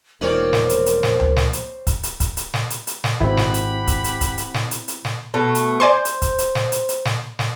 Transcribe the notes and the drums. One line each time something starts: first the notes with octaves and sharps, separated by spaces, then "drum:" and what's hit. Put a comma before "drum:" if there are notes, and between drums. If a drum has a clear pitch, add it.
E1 F3 A#3 C4 D#4 A#4 C#5 D5
drum: snare
drum: hi-hat
drum: hi-hat
drum: snare
drum: tom C#2
drum: snare
drum: hi-hat
drum: kick, hi-hat
drum: hi-hat
drum: kick, hi-hat
drum: hi-hat
drum: snare
drum: hi-hat
drum: hi-hat
drum: snare
G#1 C4 E4 G4 F#5 B5
drum: snare
drum: hi-hat
drum: kick, hi-hat
drum: hi-hat
drum: kick, hi-hat
drum: hi-hat
drum: snare
drum: hi-hat
drum: hi-hat
drum: snare
B2 A3
drum: hi-hat
C5 D5 G#5 C6
drum: hi-hat
drum: kick, hi-hat
drum: hi-hat
drum: snare
drum: hi-hat
drum: hi-hat
drum: snare
drum: snare